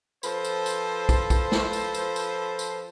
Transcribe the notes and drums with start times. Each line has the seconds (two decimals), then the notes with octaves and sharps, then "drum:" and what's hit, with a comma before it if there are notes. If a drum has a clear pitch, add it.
0.23 F3 A4 B4 C5, drum: tambourine
0.45 drum: tambourine
0.66 drum: tambourine
1.09 drum: kick, tambourine
1.30 drum: kick, tambourine
1.52 drum: snare
1.73 drum: tambourine
1.95 drum: tambourine
2.16 drum: tambourine
2.59 drum: tambourine